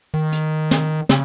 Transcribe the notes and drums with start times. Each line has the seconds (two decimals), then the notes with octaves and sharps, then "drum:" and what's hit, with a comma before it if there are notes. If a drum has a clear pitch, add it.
0.14 D#3
0.32 drum: hi-hat
0.71 drum: snare
1.09 C#3, drum: snare